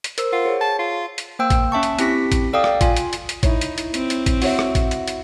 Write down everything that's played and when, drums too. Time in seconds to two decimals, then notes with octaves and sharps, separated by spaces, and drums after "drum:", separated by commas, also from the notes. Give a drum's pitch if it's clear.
0.04 drum: hi-hat
0.18 A#4 C5 E6, drum: hi-hat
0.32 F4 F#5
0.45 G#4 C#5
0.61 A5
0.79 F4
1.18 drum: hi-hat
1.39 A#3 C5 G5 E6
1.50 drum: kick A1, hi-hat
1.72 C#4 E5 A5 C#6
1.83 drum: hi-hat
1.99 C4 E4 G4 A#6 B6, drum: hi-hat
2.32 drum: kick A1, hi-hat
2.53 A4 D5 F5 G5 D#6
2.64 drum: rim click
2.81 F4 G#5, drum: kick A1, hi-hat
2.96 drum: hi-hat
3.13 drum: hi-hat
3.29 drum: hi-hat
3.43 D#4 E4 C#5, drum: kick A1, hi-hat
3.61 drum: hi-hat
3.78 drum: hi-hat
3.94 C4, drum: hi-hat
4.10 drum: hi-hat
4.26 drum: kick A1, hi-hat
4.42 F#4 C#5 E5, drum: open hi-hat
4.59 drum: rim click
4.75 drum: kick A1, hi-hat
4.91 drum: hi-hat
5.08 drum: hi-hat